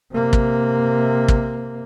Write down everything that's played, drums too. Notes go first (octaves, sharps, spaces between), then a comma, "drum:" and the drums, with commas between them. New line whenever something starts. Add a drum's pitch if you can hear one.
C3 A#3
drum: kick
drum: kick